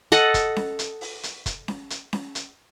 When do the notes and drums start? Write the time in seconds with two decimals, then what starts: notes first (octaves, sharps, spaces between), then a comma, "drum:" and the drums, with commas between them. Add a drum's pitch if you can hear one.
0.12 A4 D#5 F#5, drum: hi-hat
0.34 drum: kick, hi-hat
0.56 drum: snare C#4
0.79 drum: hi-hat
1.01 drum: open hi-hat
1.23 drum: hi-hat
1.46 drum: kick, hi-hat
1.68 drum: snare C#4
1.90 drum: hi-hat
2.13 drum: snare C#4
2.35 drum: hi-hat